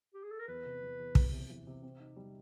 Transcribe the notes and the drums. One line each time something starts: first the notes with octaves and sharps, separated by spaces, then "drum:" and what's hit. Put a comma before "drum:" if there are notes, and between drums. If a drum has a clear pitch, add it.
G4
G#4
A4
A#4
E2 B4
C3
E2
E2
E2, drum: kick
C3
E3
C3
C4
D#4
G3